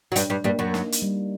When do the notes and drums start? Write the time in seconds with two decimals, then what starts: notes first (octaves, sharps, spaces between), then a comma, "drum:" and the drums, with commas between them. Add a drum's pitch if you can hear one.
0.12 F#3
0.16 G2 G3 D4, drum: hi-hat
0.30 G2 G3
0.44 G2 G3 A#3
0.59 F#2 F#3
0.74 D#4, drum: snare
0.92 drum: hi-hat
1.02 G3